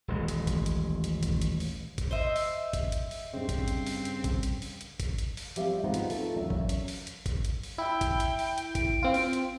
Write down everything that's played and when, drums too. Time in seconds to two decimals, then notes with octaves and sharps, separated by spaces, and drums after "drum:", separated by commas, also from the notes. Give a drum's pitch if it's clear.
0.08 D#1 A1 G#3
0.28 drum: hi-hat
0.47 drum: kick G#1, hi-hat
0.66 drum: hi-hat
1.04 drum: hi-hat
1.23 drum: kick G#1, hi-hat
1.41 drum: hi-hat
1.60 drum: open hi-hat
1.98 drum: kick G#1, hi-hat
2.11 C5 D#5 E5
2.36 drum: open hi-hat
2.73 drum: kick G#1, hi-hat
2.92 drum: hi-hat
3.11 drum: open hi-hat
3.34 G2 C#3 C4
3.49 drum: kick G#1, hi-hat
3.68 drum: hi-hat
3.86 drum: open hi-hat
4.05 drum: hi-hat
4.24 drum: kick G#1, hi-hat
4.43 drum: hi-hat
4.62 drum: open hi-hat
4.81 drum: hi-hat
5.00 drum: kick G#1, hi-hat
5.18 drum: hi-hat
5.37 drum: open hi-hat
5.56 F3 G3 C4 G4 E5 F5, drum: hi-hat
5.84 F3 G#3 B3 C4 D#4 F4
5.94 drum: hi-hat
6.10 A3 F4 A4, drum: open hi-hat
6.36 E2 F#3 C#4 A#4 E5
6.50 drum: kick G#1
6.69 drum: hi-hat
6.88 drum: open hi-hat
7.07 drum: hi-hat
7.26 drum: kick G#1, hi-hat
7.45 drum: hi-hat
7.63 drum: open hi-hat
7.78 E4 G5
8.01 drum: kick G#1, hi-hat
8.20 drum: hi-hat
8.39 drum: open hi-hat
8.58 drum: hi-hat
8.75 D7, drum: kick G#1, hi-hat
9.03 C4 F4
9.14 drum: open hi-hat
9.33 drum: hi-hat